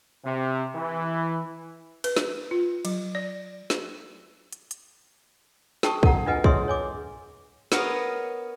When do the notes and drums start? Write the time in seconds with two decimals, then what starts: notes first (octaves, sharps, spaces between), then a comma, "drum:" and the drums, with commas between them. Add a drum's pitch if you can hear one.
0.25 C3
0.74 E3
2.04 B4, drum: cymbal
2.17 drum: snare
2.51 F4
2.85 F#3, drum: cymbal
3.15 D5
3.70 drum: snare
4.53 drum: hi-hat
4.71 drum: hi-hat
5.83 G#4 G5 A5 C#6 D#6, drum: snare
6.03 A4 A#4 F#5 A#5, drum: kick
6.26 D4 F4 B4 D#5 F#5 G#5
6.44 G#4 C#5 D#5 E5 C6 D#6, drum: kick
6.68 C#5 G#5 D6
7.72 B3 A#4 C#5 D#5 F5, drum: snare